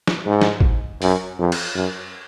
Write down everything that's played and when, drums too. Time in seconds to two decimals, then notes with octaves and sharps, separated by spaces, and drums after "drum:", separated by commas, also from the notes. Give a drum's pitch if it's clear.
0.07 drum: snare
0.26 G#2
0.41 drum: snare
0.61 drum: kick G#1
1.02 F#2, drum: open hi-hat
1.39 F2
1.52 drum: cymbal
1.75 F#2